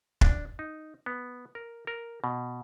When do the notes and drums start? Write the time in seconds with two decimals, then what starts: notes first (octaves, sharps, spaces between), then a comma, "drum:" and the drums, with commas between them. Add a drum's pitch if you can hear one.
0.21 D4, drum: kick
0.59 D#4
1.06 B3
1.55 A#4
1.87 A#4
2.24 B2